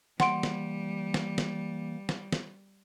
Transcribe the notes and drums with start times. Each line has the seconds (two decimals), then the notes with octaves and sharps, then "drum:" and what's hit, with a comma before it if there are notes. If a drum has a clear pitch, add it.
0.20 E3 G3 A#3 F#5 C6 D7, drum: snare
0.43 drum: snare
1.14 drum: snare
1.38 drum: snare
2.09 drum: snare
2.33 drum: snare